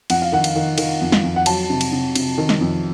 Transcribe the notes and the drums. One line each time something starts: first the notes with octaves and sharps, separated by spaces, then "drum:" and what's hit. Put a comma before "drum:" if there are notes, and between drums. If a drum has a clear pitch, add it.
F2 F#5, drum: cymbal
F5
D#3 F#5
drum: cymbal
D#3
D#3, drum: cymbal
F2
drum: snare
F2
F#5
F#3 A5, drum: cymbal
C3
drum: cymbal
C3
C3, drum: cymbal
D#3
drum: snare
F2